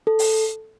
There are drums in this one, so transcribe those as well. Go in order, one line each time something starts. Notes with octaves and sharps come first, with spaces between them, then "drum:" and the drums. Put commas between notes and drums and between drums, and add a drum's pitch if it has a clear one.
A4
drum: open hi-hat